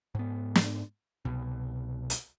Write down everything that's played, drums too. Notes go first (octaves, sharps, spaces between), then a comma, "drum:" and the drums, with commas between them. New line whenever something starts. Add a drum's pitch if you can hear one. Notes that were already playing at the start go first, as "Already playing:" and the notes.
G#2 B3
drum: snare
C2 B2
drum: hi-hat